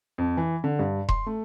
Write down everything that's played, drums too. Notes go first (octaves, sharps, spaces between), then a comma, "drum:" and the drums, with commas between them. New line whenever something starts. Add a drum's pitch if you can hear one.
F2
E3
D3
G2
C6, drum: kick E1
A3